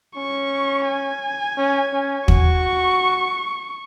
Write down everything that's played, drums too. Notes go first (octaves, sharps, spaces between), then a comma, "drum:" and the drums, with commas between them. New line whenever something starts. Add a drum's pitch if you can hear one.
C#4 C#6
G#5
C#4
C#4
F#4 C#6, drum: kick